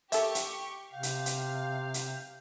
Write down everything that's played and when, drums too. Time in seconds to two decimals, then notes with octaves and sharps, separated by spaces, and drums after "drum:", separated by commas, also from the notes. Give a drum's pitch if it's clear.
0.12 G4 A4 E5 C#6, drum: hi-hat
0.35 drum: hi-hat
0.93 C3 F5 G5
1.03 drum: hi-hat
1.26 drum: hi-hat
1.94 drum: hi-hat